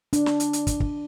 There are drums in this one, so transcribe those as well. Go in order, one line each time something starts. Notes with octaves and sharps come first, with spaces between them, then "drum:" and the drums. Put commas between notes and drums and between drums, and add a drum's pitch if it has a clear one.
D4, drum: hi-hat
drum: snare
drum: hi-hat
drum: hi-hat
drum: kick, hi-hat
drum: kick